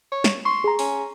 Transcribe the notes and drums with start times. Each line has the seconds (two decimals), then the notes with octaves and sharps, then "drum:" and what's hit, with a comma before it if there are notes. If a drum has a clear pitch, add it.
0.12 C#5
0.24 drum: snare
0.45 C6 C#6
0.64 G#4 A#5
0.79 C#4, drum: open hi-hat